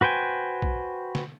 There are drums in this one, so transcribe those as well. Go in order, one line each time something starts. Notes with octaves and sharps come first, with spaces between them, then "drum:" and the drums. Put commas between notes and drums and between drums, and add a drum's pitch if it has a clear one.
F#4 B4 C5 G5 G#5
drum: kick B1
drum: snare